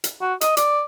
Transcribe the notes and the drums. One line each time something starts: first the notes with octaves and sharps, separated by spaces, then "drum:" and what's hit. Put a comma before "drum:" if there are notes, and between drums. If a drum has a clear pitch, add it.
drum: hi-hat
F#4
D#5, drum: hi-hat
D5, drum: hi-hat